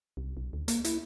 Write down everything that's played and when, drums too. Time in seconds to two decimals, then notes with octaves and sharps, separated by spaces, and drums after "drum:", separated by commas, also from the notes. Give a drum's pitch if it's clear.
0.17 C2
0.37 B1
0.53 D2
0.68 A#3, drum: hi-hat
0.85 E4, drum: hi-hat